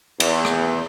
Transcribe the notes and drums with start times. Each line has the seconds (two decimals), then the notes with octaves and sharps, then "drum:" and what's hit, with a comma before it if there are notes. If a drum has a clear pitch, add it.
0.20 E2, drum: cymbal
0.45 drum: rim click